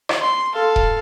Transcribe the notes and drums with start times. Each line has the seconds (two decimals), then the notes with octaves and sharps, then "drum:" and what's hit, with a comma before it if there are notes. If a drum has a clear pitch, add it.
0.09 drum: rim click
0.20 C6
0.54 A4 F5
0.76 drum: kick D#1